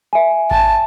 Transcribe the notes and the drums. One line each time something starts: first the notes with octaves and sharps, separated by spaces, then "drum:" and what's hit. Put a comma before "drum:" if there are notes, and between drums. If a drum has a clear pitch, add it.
E5 G#5
A5, drum: kick G#1